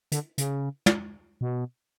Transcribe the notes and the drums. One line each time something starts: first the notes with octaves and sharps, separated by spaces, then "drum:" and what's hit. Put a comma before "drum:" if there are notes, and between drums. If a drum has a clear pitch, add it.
D3, drum: hi-hat
C#3, drum: hi-hat
drum: tom
B2